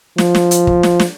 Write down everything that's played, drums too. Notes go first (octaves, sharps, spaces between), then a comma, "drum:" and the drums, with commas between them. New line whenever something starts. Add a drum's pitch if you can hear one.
F3, drum: snare
drum: snare
drum: hi-hat
drum: kick
drum: snare
drum: snare